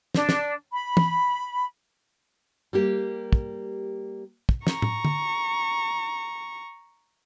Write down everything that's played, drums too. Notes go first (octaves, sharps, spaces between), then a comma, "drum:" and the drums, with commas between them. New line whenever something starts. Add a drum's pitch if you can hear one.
D4, drum: snare
drum: snare
B5
drum: tom
G3 A#3 G4
drum: kick
drum: kick
A#5 C#6, drum: snare
drum: tom
drum: tom D3